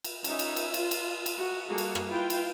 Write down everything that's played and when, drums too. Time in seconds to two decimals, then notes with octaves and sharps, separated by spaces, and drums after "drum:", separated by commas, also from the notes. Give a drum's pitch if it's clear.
0.04 drum: cymbal
0.24 C#4 D#4 E5, drum: cymbal
0.39 drum: cymbal
0.56 drum: cymbal
0.74 F4, drum: cymbal
0.91 drum: cymbal
1.26 drum: cymbal
1.36 F#4
1.68 G3 A#3 F#4 G#4 A4
1.78 drum: cymbal
1.95 drum: rim click
2.08 E4 F4 B4 F5 G5
2.30 drum: cymbal